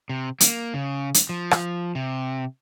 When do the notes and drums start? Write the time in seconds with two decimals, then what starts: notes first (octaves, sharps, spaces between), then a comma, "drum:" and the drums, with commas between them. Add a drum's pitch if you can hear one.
0.09 C3
0.40 A#3, drum: hi-hat
0.74 C#3
1.14 drum: hi-hat
1.29 F3
1.51 drum: rim click
1.95 C3